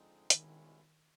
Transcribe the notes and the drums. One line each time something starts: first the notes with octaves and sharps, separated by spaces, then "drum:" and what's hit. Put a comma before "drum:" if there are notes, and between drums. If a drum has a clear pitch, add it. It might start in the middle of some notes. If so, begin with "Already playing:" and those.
Already playing: D3 F3 G#3 C4 D#4
C2 B2 D#3 G#3 C#4 E4, drum: hi-hat